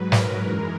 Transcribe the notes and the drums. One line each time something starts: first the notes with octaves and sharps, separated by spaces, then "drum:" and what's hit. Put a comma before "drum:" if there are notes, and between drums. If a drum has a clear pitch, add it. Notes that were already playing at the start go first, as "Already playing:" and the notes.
Already playing: G#2 F#3 B4
A#4, drum: snare
F#2 E3 G#3